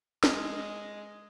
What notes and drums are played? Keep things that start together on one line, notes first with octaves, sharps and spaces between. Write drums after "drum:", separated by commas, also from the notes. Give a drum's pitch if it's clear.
G#3, drum: snare